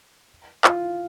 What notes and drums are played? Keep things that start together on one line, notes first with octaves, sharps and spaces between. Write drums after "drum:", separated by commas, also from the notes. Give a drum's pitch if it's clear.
F4, drum: clap